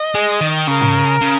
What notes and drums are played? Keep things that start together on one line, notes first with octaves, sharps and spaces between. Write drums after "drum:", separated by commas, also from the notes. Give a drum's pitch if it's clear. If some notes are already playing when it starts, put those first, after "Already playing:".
Already playing: D#5
G#3
D#3
C#3 A#4
drum: tom G#2
C#3